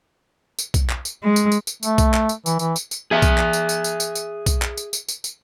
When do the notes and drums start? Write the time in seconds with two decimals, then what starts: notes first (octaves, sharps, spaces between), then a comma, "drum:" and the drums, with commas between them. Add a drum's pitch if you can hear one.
0.59 drum: tambourine
0.74 drum: kick, tambourine
0.90 drum: clap
1.05 drum: tambourine
1.23 G#3
1.36 drum: tambourine
1.52 drum: tambourine
1.67 drum: tambourine
1.83 A3, drum: tambourine
1.98 drum: kick, tambourine
2.14 drum: clap
2.29 drum: tambourine
2.46 E3, drum: tambourine
2.59 E3, drum: tambourine
2.76 drum: tambourine
2.91 drum: tambourine
3.11 G#4 E5
3.22 drum: kick, tambourine
3.38 drum: clap
3.53 drum: tambourine
3.69 drum: tambourine
3.84 drum: tambourine
4.00 drum: tambourine
4.15 drum: tambourine
4.46 drum: kick, tambourine
4.62 drum: clap
4.77 drum: tambourine
4.93 drum: tambourine
5.08 drum: tambourine
5.24 drum: tambourine